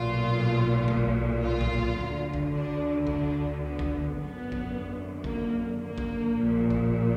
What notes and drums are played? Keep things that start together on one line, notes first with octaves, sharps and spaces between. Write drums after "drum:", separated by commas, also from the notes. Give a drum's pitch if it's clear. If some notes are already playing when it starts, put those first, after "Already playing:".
Already playing: B1 A#2 F4
drum: kick
F4
drum: kick
D2 D3
drum: kick
D4
D4, drum: kick
B3
drum: kick
G#1 F#2 D3 B3
drum: kick
A#3, drum: kick
A#3
drum: kick
A#1 A#2
drum: kick